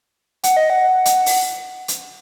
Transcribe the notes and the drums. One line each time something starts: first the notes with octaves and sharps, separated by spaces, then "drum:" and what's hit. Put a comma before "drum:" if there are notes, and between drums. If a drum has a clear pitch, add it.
F#5, drum: hi-hat
D#5
F#5
drum: hi-hat
drum: open hi-hat
drum: hi-hat